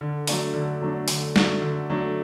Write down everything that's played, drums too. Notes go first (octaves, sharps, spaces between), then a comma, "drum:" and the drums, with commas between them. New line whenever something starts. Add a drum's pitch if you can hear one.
D3
F#3 A3 D4, drum: open hi-hat
D3
F#3 A3 D4
D3, drum: open hi-hat
F#3 A3 D4, drum: snare
D3
F#3 A3 D4